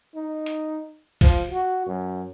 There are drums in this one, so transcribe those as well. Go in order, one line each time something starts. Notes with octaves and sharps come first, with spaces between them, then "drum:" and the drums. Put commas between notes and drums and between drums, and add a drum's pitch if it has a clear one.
D#4
drum: hi-hat
F3, drum: kick, open hi-hat
F#4
F#2